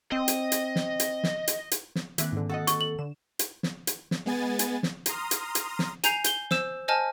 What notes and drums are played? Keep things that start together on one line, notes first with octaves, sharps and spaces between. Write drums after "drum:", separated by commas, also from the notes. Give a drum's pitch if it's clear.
C4 D#5
drum: hi-hat
drum: hi-hat
drum: snare
drum: hi-hat
drum: snare
drum: hi-hat
drum: hi-hat
drum: snare
E2 D#3 A#3 C4 E5 F#6, drum: hi-hat
G#2 D3
F#4 A4 D#5 F#5
C#6, drum: hi-hat
F#7
D3 E7
drum: hi-hat
drum: snare
drum: hi-hat
drum: snare
G#3 B3 G#5 A6
drum: hi-hat
drum: snare
A#5 C6 D#6 F6, drum: hi-hat
drum: hi-hat
drum: hi-hat
drum: snare
G#5 A#5 G6 C7 F7, drum: hi-hat
G6 G7, drum: hi-hat
C5 E6 E7, drum: snare
C5 D#5 G#5 A5 F6